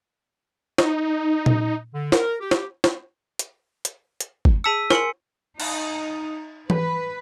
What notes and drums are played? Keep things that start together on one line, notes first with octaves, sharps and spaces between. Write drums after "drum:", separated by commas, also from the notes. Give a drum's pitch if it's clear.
D#4, drum: snare
drum: tom A#2
D3
A#4, drum: snare
G4
drum: snare
drum: snare
drum: hi-hat
drum: hi-hat
drum: hi-hat
drum: kick G1
G#4 A5 E6 B6 C#7 D#7
A#4 G#5 C6 C#7 F#7, drum: snare
D#4, drum: cymbal
B4, drum: tom E3